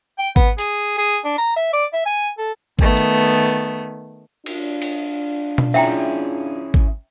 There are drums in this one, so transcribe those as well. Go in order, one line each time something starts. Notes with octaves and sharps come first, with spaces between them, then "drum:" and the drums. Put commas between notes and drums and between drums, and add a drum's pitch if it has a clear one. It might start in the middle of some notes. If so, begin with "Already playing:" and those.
G5
B3, drum: kick G#1
G#4, drum: hi-hat
G#4
D4
A#5
E5
D5
E5
G#5
A4
D#3 A3 B3, drum: kick G#1
drum: hi-hat
D4 F4, drum: cymbal
drum: cymbal
drum: tom B2
C#4 E4 G#4 E5 G5 A#5
drum: kick G#1